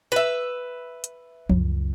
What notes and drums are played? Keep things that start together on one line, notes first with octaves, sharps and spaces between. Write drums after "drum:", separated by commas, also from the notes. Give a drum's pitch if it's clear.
B4 E5
drum: hi-hat
C#2 F#2, drum: tom F3